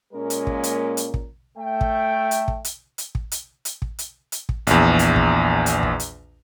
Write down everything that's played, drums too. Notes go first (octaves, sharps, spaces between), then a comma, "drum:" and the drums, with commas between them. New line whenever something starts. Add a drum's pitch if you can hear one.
A#2 G#3 A#3 C#4 A#4
drum: hi-hat
drum: kick
drum: hi-hat
drum: hi-hat
drum: kick
A3 E5 G5
drum: kick
drum: hi-hat
drum: kick
drum: hi-hat
drum: hi-hat
drum: kick
drum: hi-hat
drum: hi-hat
drum: kick
drum: hi-hat
drum: hi-hat
drum: kick
A#1 E2, drum: hi-hat
drum: hi-hat
drum: kick
drum: hi-hat
drum: kick
drum: hi-hat